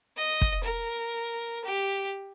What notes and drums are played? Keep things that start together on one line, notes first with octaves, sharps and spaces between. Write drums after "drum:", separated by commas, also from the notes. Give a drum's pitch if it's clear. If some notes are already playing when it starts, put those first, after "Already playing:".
D#5
drum: kick
A#4
G4